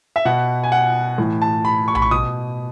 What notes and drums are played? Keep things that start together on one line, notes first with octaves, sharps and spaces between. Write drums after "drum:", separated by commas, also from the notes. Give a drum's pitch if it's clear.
E5
B2 F#5
G#5
F#5
A2 E3
A5
B5
C#6
B5, drum: tom A#1
C#6
B2 D#6